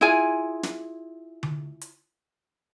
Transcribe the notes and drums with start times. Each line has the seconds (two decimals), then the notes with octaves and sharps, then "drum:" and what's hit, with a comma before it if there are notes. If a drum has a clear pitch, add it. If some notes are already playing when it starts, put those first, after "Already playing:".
0.01 E4 F4 G#4 G#5
0.63 drum: snare
1.43 drum: tom D3
1.81 drum: hi-hat